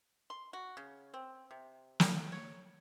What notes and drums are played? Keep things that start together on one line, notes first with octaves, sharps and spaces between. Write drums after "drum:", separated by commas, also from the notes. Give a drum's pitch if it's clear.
C6
F#4
C#3
C4
C3
drum: snare
C#5